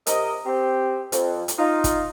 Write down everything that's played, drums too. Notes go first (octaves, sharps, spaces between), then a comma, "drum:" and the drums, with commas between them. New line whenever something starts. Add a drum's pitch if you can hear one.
C3 A#4 D#5, drum: hi-hat
C4 G4
F2, drum: hi-hat
drum: hi-hat
D#4 F4
drum: kick, hi-hat